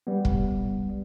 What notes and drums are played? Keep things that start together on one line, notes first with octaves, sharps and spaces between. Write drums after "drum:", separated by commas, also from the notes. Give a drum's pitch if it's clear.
G3 B3
drum: kick